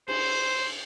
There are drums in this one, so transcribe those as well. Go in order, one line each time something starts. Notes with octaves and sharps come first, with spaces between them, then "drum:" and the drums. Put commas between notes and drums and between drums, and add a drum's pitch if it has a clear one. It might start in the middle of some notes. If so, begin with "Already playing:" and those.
C5, drum: cymbal